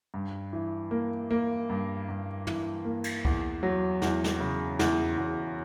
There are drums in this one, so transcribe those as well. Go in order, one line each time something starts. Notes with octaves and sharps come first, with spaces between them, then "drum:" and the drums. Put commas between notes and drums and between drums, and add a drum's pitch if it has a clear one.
G2
E3
A#3
A#3
G2
G2
E3, drum: tom
A#3
drum: cymbal
E2, drum: kick C2
F#3
E2, drum: snare
drum: snare
C#3
E2, drum: snare
E2